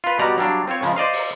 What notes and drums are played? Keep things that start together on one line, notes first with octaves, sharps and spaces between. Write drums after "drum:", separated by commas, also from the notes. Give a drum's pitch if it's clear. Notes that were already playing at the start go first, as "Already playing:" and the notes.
F4 B4
B2 G3 F#4 G4 D5 A#5
F#3 G3 D4 F5
C4 F4 C5 C#5
C#3 F3 G#3, drum: hi-hat
C5 D5 D#5 F5
drum: open hi-hat